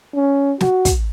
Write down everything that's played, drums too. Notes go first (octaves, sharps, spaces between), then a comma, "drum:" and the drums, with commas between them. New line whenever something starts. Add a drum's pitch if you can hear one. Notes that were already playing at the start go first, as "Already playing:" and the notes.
C#4
F#4, drum: snare
drum: kick, hi-hat